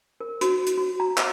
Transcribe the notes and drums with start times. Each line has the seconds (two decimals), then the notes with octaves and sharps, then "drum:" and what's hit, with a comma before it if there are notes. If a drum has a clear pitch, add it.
0.21 A#4
0.41 F#4, drum: hi-hat
0.67 drum: hi-hat
0.78 F#4
1.00 A#5
1.17 drum: clap